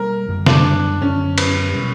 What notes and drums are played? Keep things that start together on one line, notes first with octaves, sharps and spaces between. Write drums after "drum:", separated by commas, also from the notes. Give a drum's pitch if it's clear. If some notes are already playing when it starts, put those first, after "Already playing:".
Already playing: B2 G3 A#3 A#4
F#2 D3 G3
D4, drum: snare
D4
F#2 D3 F#3 B3 C#4
B4, drum: cymbal
B2 G3 B3